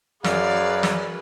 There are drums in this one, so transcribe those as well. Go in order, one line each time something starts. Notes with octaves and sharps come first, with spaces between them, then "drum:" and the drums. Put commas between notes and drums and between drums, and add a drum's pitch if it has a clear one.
F#2 G#4 B4 D5 F5, drum: snare
drum: snare